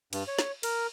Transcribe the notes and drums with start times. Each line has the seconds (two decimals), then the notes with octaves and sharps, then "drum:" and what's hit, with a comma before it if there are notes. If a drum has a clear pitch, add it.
0.13 G2, drum: cymbal
0.28 C#5
0.39 drum: snare
0.63 A#4, drum: cymbal